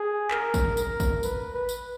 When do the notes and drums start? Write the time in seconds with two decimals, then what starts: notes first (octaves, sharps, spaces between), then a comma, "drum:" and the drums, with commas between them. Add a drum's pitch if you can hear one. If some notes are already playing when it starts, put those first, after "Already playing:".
Already playing: G#4
0.31 A#4, drum: clap
0.54 drum: kick A1, tambourine
0.77 A#4, drum: tambourine
1.00 drum: kick A1, tambourine
1.23 B4, drum: tambourine
1.54 B4
1.69 drum: tambourine